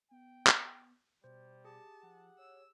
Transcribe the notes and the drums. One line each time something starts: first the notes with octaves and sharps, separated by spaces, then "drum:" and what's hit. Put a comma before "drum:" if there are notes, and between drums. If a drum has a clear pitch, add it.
B3 G5
drum: clap
B2 G3 C5
G4 G#4 A5
F3 F#5
C#5 E6